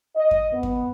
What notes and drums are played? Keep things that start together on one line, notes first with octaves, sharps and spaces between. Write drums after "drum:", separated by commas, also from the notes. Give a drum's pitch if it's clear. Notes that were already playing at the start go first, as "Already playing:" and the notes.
D#5
drum: kick F2
B3
drum: kick F2